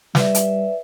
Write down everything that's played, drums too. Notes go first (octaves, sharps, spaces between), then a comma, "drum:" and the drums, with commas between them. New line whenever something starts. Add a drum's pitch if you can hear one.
G3 B4 D5 E5, drum: snare
drum: hi-hat